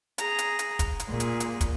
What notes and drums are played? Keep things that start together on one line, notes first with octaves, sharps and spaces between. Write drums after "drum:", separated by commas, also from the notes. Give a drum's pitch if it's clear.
G#4 A#5, drum: hi-hat
drum: hi-hat
drum: hi-hat
drum: kick, hi-hat
drum: hi-hat
A#2 G#4
drum: hi-hat
drum: hi-hat
drum: kick, hi-hat